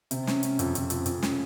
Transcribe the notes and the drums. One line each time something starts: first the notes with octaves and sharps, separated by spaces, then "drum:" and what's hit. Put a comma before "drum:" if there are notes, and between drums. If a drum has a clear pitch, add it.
C3, drum: hi-hat
C#4, drum: snare
C#4, drum: hi-hat
F2, drum: hi-hat
F2, drum: hi-hat
F2, drum: hi-hat
F2, drum: hi-hat
C#4, drum: snare